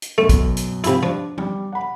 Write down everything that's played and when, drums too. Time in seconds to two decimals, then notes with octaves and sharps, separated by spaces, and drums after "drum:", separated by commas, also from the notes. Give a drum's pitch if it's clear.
0.02 drum: hi-hat
0.18 F#2 B2 A3
0.29 drum: kick A1, hi-hat
0.57 drum: hi-hat
0.84 G#2 C3 F3 E4 B5, drum: hi-hat
1.03 F3 D4
1.38 G3, drum: tom F3
1.72 F#5 B5